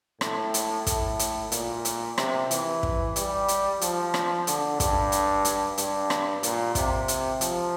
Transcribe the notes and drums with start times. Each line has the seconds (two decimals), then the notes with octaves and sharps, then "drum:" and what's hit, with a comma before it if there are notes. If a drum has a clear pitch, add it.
0.21 A2, drum: rim click
0.54 drum: hi-hat
0.87 A2, drum: kick, hi-hat
1.19 drum: hi-hat
1.52 A#2, drum: hi-hat
1.85 drum: hi-hat
2.18 C3, drum: rim click
2.51 E3, drum: hi-hat
2.83 drum: kick
3.16 G3, drum: hi-hat
3.48 drum: hi-hat
3.81 F3, drum: hi-hat
4.14 drum: rim click
4.47 D3, drum: hi-hat
4.80 G2, drum: kick, hi-hat
5.12 drum: hi-hat
5.45 drum: hi-hat
5.78 G2, drum: hi-hat
6.10 drum: rim click
6.43 A#2, drum: hi-hat
6.75 C3, drum: kick, hi-hat
7.08 drum: hi-hat
7.41 F3, drum: hi-hat